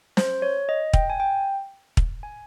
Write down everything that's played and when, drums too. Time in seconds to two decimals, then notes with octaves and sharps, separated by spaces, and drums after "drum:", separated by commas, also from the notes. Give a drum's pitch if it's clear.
0.17 C5, drum: snare
0.42 C#5
0.69 D#5
0.93 G5, drum: kick
1.10 G#5
1.20 G5
1.97 drum: kick
2.23 G#5